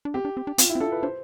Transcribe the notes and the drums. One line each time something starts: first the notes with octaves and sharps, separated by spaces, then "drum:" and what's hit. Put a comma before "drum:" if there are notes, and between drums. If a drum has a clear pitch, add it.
D4
C4 G4
D4
C4
D4
C4 F4, drum: hi-hat
E4
C4
D4 A4
B4
D4 C5